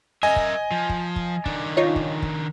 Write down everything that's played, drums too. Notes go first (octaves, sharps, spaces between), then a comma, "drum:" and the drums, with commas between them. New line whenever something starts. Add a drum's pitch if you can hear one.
A#4 D#5 E5 G#5
drum: kick
F3
drum: kick
drum: kick
D#3 D4, drum: kick
D#4 F4 C#5
drum: kick
drum: kick